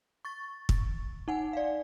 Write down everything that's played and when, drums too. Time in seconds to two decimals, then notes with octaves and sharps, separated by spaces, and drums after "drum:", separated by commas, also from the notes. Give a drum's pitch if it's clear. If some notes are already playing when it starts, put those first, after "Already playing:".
0.25 C#6 A6
0.69 drum: kick
1.28 D#4 F#5 G#5
1.53 D5 F5